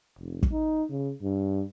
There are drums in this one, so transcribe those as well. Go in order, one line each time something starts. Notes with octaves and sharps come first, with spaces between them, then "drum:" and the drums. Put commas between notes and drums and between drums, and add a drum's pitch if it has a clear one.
F1
drum: kick
D#4
C#3
G2